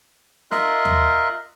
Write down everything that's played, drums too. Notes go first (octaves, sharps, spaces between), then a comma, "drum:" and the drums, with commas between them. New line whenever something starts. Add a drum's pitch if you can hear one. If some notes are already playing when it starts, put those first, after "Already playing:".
F4 A#4 D#5 E5 C6 F#6, drum: snare
drum: tom D#2